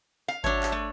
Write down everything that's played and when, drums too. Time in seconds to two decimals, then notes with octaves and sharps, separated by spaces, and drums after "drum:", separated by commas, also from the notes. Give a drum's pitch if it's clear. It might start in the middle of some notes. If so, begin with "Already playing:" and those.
0.28 F5
0.44 F#3 D4 C#5 E5 A5, drum: kick G#1
0.63 drum: clap
0.72 A3